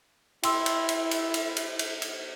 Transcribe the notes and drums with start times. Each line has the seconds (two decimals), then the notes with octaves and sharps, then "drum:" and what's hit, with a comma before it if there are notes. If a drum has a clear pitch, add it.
0.43 E4 G5 C6 E6, drum: cymbal
0.66 drum: cymbal
0.89 drum: cymbal
1.11 drum: cymbal
1.34 drum: cymbal
1.57 drum: cymbal
1.79 drum: cymbal
2.02 drum: cymbal